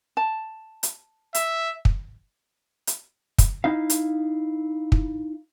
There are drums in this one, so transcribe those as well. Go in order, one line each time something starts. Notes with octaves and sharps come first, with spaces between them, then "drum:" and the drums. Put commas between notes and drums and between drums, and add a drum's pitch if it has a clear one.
A5
drum: hi-hat
E5, drum: hi-hat
drum: kick
drum: hi-hat
drum: kick, hi-hat
D#4 E4 F5
drum: hi-hat
drum: kick